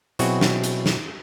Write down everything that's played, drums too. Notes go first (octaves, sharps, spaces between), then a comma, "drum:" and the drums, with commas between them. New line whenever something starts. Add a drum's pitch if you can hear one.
B2 F#3 C4 E4 F#4 G#4, drum: hi-hat
drum: snare
drum: hi-hat
drum: snare